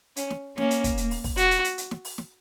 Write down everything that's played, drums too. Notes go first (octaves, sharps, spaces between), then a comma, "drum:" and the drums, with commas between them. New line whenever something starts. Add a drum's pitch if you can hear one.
C#4, drum: hi-hat
drum: snare
A#3 C#4, drum: snare
drum: hi-hat
drum: kick, hi-hat
drum: hi-hat
drum: open hi-hat
drum: kick, open hi-hat
F#4, drum: hi-hat
drum: hi-hat
drum: hi-hat
drum: hi-hat
drum: snare
drum: open hi-hat
drum: snare